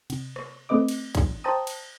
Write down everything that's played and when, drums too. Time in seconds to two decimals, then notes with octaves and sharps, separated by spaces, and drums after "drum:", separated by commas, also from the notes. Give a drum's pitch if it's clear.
0.10 C3, drum: cymbal
0.36 drum: rim click
0.69 A3 C4 B4 D#5 D6
0.88 drum: cymbal
1.15 drum: kick, cymbal
1.44 C5 G5 A5 A#5 D#6
1.67 drum: cymbal